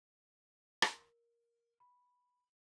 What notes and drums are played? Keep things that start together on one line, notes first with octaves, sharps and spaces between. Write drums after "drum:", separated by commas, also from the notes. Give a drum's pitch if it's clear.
A#4, drum: rim click
B5